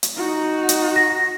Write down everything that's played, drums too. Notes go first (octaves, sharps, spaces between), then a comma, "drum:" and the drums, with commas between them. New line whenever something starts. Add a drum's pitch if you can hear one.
drum: hi-hat
D#4 F#4
drum: hi-hat
A#6